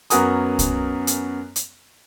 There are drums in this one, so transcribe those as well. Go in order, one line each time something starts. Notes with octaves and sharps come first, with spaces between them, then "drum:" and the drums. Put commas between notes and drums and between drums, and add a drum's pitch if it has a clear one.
F#2 B3 F#4 A#4 G#5 D#6, drum: hi-hat
drum: kick C2, hi-hat
drum: hi-hat
drum: hi-hat